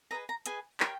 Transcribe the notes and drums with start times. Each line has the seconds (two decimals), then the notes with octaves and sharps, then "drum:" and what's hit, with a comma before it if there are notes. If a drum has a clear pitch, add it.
0.11 G#4 B4 D#5 A#5
0.29 A#5
0.46 G#4 B4 D#5 G#5, drum: hi-hat
0.80 G4 A#4 C#5 G5, drum: clap